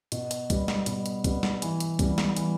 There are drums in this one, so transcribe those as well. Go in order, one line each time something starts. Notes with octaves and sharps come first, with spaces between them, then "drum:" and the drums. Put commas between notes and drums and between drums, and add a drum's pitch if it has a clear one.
B2, drum: hi-hat
drum: hi-hat
G3 B3, drum: kick B1, hi-hat
drum: snare
B2, drum: hi-hat
drum: hi-hat
G3 B3, drum: kick B1, hi-hat
drum: snare
E3, drum: hi-hat
drum: hi-hat
G3 B3, drum: kick B1, hi-hat
drum: snare
E3, drum: hi-hat